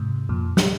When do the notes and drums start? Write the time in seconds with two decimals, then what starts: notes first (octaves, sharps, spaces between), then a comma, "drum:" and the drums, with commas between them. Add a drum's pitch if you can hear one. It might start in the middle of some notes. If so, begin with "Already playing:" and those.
Already playing: G#2 C3
0.29 F2 A#2
0.57 drum: snare